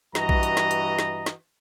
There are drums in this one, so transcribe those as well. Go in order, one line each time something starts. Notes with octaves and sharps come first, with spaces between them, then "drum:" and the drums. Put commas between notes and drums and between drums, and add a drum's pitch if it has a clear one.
G2 E3 F#4 D#5 A#5, drum: snare
drum: kick A#1
drum: hi-hat
drum: snare
drum: hi-hat
drum: snare
drum: snare